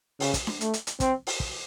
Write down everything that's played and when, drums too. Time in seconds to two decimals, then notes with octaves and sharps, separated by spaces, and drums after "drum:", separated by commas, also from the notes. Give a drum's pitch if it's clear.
0.20 C#3, drum: open hi-hat
0.34 drum: kick, hi-hat
0.47 drum: snare D4
0.61 A3, drum: hi-hat
0.74 drum: hi-hat
0.87 drum: hi-hat
1.00 C4, drum: kick, hi-hat
1.27 drum: open hi-hat
1.40 drum: kick